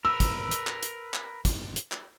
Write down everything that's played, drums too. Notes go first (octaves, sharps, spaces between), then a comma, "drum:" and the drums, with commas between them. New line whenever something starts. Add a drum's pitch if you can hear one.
A#4 B4 E6
drum: kick, hi-hat
drum: hi-hat
drum: clap
drum: hi-hat
drum: clap
drum: kick, hi-hat
drum: hi-hat
drum: clap